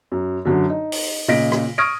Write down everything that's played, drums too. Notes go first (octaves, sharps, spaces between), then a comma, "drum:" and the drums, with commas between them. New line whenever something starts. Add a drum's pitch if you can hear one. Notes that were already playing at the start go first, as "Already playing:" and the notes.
F#2
F#2 D3 F#3
D#4
drum: open hi-hat
A#2 C#3 D#5 A#6 B6 D7
drum: rim click
C#6 D#6 F6 G#6 A#6 D7